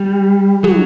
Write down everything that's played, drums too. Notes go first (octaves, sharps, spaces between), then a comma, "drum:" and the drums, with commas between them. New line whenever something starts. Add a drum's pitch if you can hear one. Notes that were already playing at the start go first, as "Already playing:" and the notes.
Already playing: G3
F#3, drum: tom